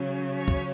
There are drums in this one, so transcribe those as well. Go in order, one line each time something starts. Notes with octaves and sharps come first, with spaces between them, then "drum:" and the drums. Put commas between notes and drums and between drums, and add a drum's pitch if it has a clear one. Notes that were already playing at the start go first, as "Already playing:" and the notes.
Already playing: C#3 F#3 C#4
C#5
drum: kick